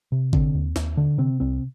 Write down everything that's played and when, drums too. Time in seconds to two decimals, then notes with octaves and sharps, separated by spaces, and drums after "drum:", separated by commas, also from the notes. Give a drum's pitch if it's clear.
0.12 C3
0.33 D3 C4, drum: kick G#1
0.55 D#2
0.76 D#2, drum: snare
0.97 D3
1.18 C3 C4
1.40 C2 C4